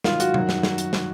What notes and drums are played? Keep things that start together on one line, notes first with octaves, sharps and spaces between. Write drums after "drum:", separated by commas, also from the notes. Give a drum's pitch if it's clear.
G#2 D#3 F#3 F4, drum: snare
F#4, drum: hi-hat
F#2 D#3 F#3, drum: tom C3
drum: snare
drum: snare
drum: hi-hat
drum: snare